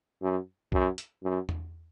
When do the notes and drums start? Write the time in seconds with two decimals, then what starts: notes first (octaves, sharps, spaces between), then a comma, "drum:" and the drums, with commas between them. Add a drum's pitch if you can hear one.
0.22 F#2
0.72 F#2, drum: kick B1
0.98 drum: hi-hat
1.23 F#2
1.49 drum: tom E2